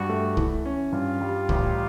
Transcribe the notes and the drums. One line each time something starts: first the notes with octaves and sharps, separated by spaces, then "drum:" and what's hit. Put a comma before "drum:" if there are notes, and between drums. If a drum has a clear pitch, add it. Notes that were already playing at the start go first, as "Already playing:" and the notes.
Already playing: G2 F#4
A3
E3, drum: kick
C#4
G2 F4
G3
A1, drum: kick